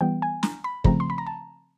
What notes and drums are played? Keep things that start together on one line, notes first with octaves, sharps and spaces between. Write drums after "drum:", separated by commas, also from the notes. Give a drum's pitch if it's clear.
E3 G3 B3 G5
G#5
A#5, drum: snare
B5
C#3 F3 A3 C4 A#5, drum: kick
C6
B5
A#5
A5